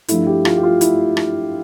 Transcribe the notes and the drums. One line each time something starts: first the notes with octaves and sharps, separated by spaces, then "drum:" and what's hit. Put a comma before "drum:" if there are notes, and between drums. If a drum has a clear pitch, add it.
G2 F3 A3 E4, drum: hi-hat
G4
F4, drum: rim click
G4
F4
E4, drum: hi-hat
drum: rim click